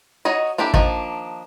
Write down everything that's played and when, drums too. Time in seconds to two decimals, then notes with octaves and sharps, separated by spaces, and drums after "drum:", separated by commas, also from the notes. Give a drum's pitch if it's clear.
0.25 D#4 F#4 C#5 D#5
0.58 A#3 D4 E4 G4 A4
0.74 D#3 F3 A#3 D4, drum: kick